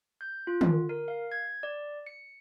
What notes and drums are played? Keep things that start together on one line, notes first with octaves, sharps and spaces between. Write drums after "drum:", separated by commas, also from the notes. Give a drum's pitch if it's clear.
G6
F4
drum: tom
A#4
F5
G#6
D5
C#7